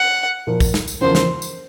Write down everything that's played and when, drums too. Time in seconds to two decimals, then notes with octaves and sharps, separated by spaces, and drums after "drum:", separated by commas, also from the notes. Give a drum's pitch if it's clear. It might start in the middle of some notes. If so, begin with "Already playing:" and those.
Already playing: F#5
0.47 A#2 F3 A#3
0.60 drum: kick, tambourine
0.74 drum: snare
0.88 drum: tambourine
1.01 E2 C#3 F3 A#3 C5
1.15 drum: snare
1.42 drum: tambourine